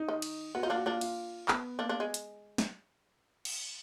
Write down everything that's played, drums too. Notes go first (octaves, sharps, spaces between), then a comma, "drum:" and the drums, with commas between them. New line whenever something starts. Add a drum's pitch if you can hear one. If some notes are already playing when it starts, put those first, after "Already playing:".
Already playing: D#4
D#3
drum: cymbal
B3 F#4
D#4 F4
A#3 D4
F#4
A#3 D4 F4
F4, drum: cymbal
B3, drum: clap
A#3 D4
A#3 D4
G#3
drum: hi-hat
drum: snare
drum: cymbal